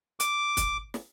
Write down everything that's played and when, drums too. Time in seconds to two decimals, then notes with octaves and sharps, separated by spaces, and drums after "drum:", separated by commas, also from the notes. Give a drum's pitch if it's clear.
0.20 D6, drum: hi-hat
0.57 drum: kick, hi-hat
0.94 drum: snare